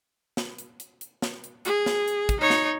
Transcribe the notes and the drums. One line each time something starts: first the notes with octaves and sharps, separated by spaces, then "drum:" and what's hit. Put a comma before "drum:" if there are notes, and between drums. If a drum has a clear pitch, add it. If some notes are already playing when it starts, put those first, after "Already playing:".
drum: snare
drum: hi-hat
drum: hi-hat
drum: hi-hat
drum: snare
drum: hi-hat
G#4, drum: hi-hat
drum: snare
drum: hi-hat
drum: kick, hi-hat
D#4 C#5
drum: snare